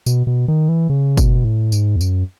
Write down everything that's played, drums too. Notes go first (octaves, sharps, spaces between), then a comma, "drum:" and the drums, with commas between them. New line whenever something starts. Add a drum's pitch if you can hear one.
B2, drum: tambourine
B2
D#3
E3
C#3
B2, drum: kick, tambourine
A2
G#2, drum: tambourine
E2
F#2, drum: tambourine